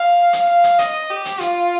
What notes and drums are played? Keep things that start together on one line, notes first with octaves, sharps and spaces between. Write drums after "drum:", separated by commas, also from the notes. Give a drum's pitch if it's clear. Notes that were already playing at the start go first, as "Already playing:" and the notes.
Already playing: F5
drum: hi-hat
F5
drum: hi-hat
D#5, drum: hi-hat
G4
drum: hi-hat
F4, drum: hi-hat